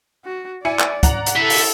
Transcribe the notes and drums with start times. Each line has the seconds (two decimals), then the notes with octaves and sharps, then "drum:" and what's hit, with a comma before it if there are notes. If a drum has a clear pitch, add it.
0.25 F#4
0.65 E4 D5 G#5 C#7
0.79 drum: clap
1.03 F#5 A#5, drum: kick, hi-hat
1.26 drum: hi-hat
1.36 E4 G4 A4 E5
1.50 drum: open hi-hat